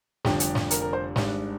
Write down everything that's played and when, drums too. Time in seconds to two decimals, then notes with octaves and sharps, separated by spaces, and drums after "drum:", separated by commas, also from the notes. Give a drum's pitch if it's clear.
0.25 F1 F2 D3 G3 D4 G4, drum: snare
0.40 drum: hi-hat
0.55 drum: snare
0.71 A#4, drum: hi-hat
0.82 A#4
0.93 C5
1.16 G#1 G#2 G3 D4, drum: snare